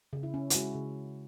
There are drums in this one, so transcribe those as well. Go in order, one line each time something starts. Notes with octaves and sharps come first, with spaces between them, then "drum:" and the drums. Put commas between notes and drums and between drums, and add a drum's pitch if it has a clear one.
C#3
E4
C#4
E4, drum: hi-hat
G#3 F#4
C#3